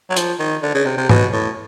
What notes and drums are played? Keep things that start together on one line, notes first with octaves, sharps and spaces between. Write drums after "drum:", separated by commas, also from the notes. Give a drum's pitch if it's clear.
F#3
F3, drum: hi-hat
D#3
D3
C#3
C3
C3
B2, drum: tom G#2
A2